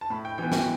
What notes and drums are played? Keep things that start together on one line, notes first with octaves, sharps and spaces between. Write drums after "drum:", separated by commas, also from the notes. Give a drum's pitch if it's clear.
A5
A2 B5
G5
E3 B3 G5
G5, drum: snare